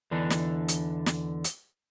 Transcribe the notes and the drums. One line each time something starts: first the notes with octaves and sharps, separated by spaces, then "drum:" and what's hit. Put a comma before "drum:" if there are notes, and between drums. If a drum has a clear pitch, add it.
E2 D3 E3 D4 D#4
drum: snare
drum: hi-hat
drum: snare
drum: hi-hat